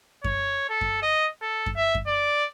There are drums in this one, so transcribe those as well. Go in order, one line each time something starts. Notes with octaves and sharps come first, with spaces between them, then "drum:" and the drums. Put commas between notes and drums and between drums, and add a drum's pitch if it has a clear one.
C#5, drum: kick F#2
A4
drum: kick F#2
D#5
A4
drum: kick F#2
E5
drum: kick F#2
D5